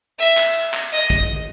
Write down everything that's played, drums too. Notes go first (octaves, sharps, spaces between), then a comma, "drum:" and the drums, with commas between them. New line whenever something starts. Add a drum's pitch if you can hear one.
E5
drum: clap
drum: clap
D#5
drum: kick